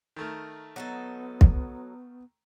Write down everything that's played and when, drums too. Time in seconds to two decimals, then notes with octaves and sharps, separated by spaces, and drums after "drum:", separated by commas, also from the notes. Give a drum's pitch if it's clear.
0.16 D#3 A3 A#4
0.76 F#3 B3 D#4 A4
1.41 drum: kick